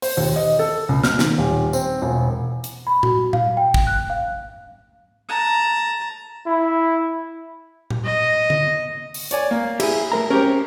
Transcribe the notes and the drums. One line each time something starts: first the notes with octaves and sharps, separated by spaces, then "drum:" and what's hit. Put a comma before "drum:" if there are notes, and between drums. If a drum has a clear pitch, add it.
C5, drum: open hi-hat
D#2
D#5
A4
C#2
F6, drum: snare
D#3, drum: snare
D#1
C4, drum: tambourine
E1
drum: hi-hat
B5
F#4, drum: tom A#2
F5, drum: tom A#2
G5
drum: kick
F#6
F5
A5 A#5
E4
drum: tom A#2
D#5
drum: tom D3
drum: open hi-hat
C#5 D5 G#5, drum: hi-hat
A#3
E4 G4 G#4, drum: cymbal
A3 A#4 A#5
C4 C#4 G4 A#4